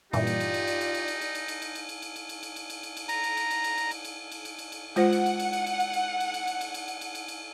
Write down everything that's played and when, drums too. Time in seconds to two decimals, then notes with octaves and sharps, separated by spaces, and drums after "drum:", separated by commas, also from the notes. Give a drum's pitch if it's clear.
0.13 G2 A#2 E3 D#4 F4 G4 D5, drum: cymbal
0.27 drum: cymbal
0.40 drum: cymbal
0.54 drum: cymbal
0.67 drum: cymbal
0.81 drum: cymbal
0.94 drum: cymbal
1.08 drum: cymbal
1.21 drum: cymbal
1.35 drum: cymbal
1.48 drum: cymbal
1.62 drum: cymbal
1.75 drum: cymbal
1.89 drum: cymbal
2.02 drum: cymbal
2.16 drum: cymbal
2.29 drum: cymbal
2.43 drum: cymbal
2.56 drum: cymbal
2.70 drum: cymbal
2.83 drum: cymbal
2.97 drum: cymbal
3.09 A#5, drum: cymbal
3.24 drum: cymbal
3.37 drum: cymbal
3.51 drum: cymbal
3.64 drum: cymbal
3.78 drum: cymbal
3.91 drum: cymbal
4.05 drum: cymbal
4.31 drum: cymbal
4.45 drum: cymbal
4.58 drum: cymbal
4.72 drum: cymbal
4.96 G#3 F4 C5 F#5, drum: cymbal
5.12 drum: cymbal
5.26 drum: cymbal
5.39 drum: cymbal
5.53 drum: cymbal
5.66 drum: cymbal
5.80 drum: cymbal
5.93 drum: cymbal
6.20 drum: cymbal
6.34 drum: cymbal
6.47 drum: cymbal
6.61 drum: cymbal
6.74 drum: cymbal
6.88 drum: cymbal
7.01 drum: cymbal
7.15 drum: cymbal
7.28 drum: cymbal